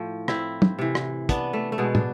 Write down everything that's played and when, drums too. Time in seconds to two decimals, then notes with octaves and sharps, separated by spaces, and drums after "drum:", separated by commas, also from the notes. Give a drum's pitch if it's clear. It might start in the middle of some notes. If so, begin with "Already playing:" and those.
Already playing: A2 F3
0.28 C4 E4, drum: rim click
0.62 drum: tom
0.79 C3 E3
0.95 drum: rim click
1.29 B3 D4, drum: kick, hi-hat
1.53 A3
1.72 A3
1.78 B2 G#3 B3
1.95 D4, drum: tom